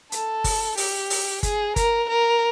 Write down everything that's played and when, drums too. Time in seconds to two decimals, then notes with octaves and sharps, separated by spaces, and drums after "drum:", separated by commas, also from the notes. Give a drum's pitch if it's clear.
0.12 A4, drum: hi-hat
0.44 drum: kick G1, open hi-hat
0.77 G4, drum: open hi-hat
1.10 drum: open hi-hat
1.43 G#4, drum: kick G1, hi-hat
1.76 A#4, drum: kick G1, hi-hat
2.09 A#4